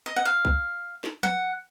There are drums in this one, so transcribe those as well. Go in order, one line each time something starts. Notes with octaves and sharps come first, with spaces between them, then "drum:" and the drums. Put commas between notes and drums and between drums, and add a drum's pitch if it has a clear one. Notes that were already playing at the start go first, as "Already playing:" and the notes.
D#5
F#5
F5
drum: kick C2
drum: snare
F#5, drum: tom F3